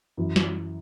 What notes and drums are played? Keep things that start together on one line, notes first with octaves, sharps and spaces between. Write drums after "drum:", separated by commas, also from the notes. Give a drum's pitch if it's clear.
F#2 E3
drum: snare